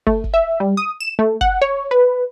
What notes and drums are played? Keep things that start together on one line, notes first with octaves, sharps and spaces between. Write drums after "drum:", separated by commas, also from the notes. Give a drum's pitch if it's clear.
A3, drum: kick
drum: kick
E5
G3
D#6
E7
A3
F#5, drum: kick
C#5
B4